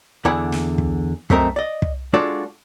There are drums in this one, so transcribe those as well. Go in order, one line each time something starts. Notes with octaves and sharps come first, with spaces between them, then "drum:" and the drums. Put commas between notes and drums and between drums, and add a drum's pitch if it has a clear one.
E2 D3 E4 D5 F#5 G#5
drum: snare
drum: kick
F#2 A3 C4 A#4 D#5, drum: kick
D5 D#5
drum: kick
G#3 D4 F4 F#4 A4 D5